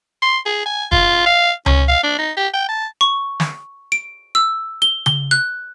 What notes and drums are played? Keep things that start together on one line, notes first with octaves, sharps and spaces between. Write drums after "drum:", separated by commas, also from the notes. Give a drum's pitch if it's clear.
C6
G#4
G#5
F4, drum: kick
F5
C#4, drum: tom C#2
F5
D4
D#4
G4
G5
A5
C#6
drum: snare
D7
E6
G7
G7, drum: tom C#3
F#6